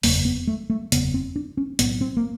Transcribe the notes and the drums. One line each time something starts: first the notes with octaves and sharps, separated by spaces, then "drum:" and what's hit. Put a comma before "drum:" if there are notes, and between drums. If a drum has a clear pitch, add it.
F#1 E2 C#3 A#3, drum: open hi-hat
B3
A3
A3
F#1 E2 C#3 B3, drum: hi-hat
C4
D4
C#4
B1 A2 B3, drum: hi-hat
C4
A#3